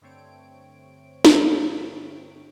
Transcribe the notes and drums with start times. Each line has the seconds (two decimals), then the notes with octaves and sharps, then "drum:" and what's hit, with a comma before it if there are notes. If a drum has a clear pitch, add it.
0.01 G2 D3 A3 C4 C#5 D7
1.25 drum: snare